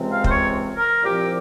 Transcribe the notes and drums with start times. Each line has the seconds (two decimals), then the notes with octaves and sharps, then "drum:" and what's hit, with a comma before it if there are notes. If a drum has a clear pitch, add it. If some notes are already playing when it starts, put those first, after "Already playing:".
Already playing: C#2 C3 E3 G#3 C4
0.10 F5
0.24 C5, drum: kick
0.29 C#5
0.76 A#4
1.03 C2 A#2 F3 C4 G4